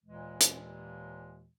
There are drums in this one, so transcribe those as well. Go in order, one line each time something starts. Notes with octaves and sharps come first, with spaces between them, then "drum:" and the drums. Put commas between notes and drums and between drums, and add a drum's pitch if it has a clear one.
D#2 A#2 E3 G#3
drum: hi-hat